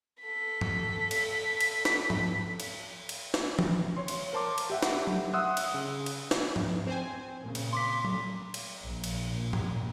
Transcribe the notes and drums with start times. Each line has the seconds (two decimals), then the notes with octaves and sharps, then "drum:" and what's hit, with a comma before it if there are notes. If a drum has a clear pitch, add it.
0.22 A4 B6
0.61 drum: tom G2
1.11 drum: cymbal
1.60 drum: cymbal
1.85 drum: snare
2.10 drum: tom G#2
2.60 drum: cymbal
3.09 drum: cymbal
3.34 drum: snare
3.59 drum: tom E3
3.96 C#5 C6
4.08 drum: cymbal
4.33 A#4 C5 A5 C6 D6
4.58 drum: cymbal
4.70 G4 E5 F#5
4.83 drum: snare
5.07 drum: tom F#3
5.33 E5 F#5 C6 D#6 E6 F#6
5.57 drum: cymbal
5.74 C#3
6.06 drum: cymbal
6.31 drum: snare
6.56 drum: tom G#2
6.87 C4 C5 G#5
7.40 A#2 C#3
7.55 drum: cymbal
7.73 C6 D6 B6
8.05 drum: tom F#3
8.54 drum: cymbal
8.85 A#1
9.04 drum: cymbal
9.24 A#2
9.53 drum: tom G2